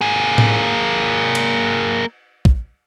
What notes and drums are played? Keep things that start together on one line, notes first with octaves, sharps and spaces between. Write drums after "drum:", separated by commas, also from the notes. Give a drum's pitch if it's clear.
A#3 G#4
drum: tom A2
drum: cymbal
drum: kick